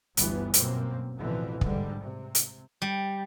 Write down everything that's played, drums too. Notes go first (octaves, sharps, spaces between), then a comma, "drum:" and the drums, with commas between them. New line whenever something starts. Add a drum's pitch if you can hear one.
G1 D2 G2 E3 B3, drum: hi-hat
F#2 B2 A#3 C4, drum: hi-hat
A1 F2 B2 D3 E3 F3
G#2 D3 G3, drum: kick
C3
drum: hi-hat
G3